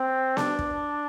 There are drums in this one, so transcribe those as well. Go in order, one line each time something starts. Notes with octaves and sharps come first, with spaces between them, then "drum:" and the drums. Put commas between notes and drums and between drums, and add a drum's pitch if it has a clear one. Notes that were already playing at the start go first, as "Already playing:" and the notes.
Already playing: C4
D4, drum: snare B3
drum: kick